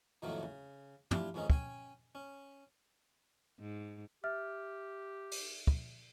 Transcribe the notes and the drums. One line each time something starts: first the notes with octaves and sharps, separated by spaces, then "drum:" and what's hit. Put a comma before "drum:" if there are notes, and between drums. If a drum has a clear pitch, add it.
F2 A2 D#3 F#3 A3 A#3
C#3
D4 E4 F4 G4, drum: tom
F2 G#2 D#3 G#3 C#4 D#4
C#4 G5 G#5, drum: kick
C#4
G#2
G4 E5 F6
drum: open hi-hat
drum: kick